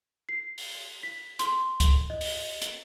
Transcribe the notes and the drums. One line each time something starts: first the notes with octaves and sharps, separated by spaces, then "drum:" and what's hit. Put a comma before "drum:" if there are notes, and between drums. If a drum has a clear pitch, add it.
C7
drum: open hi-hat
B6
C6, drum: hi-hat
drum: kick C#2, hi-hat
D#5
drum: open hi-hat
drum: hi-hat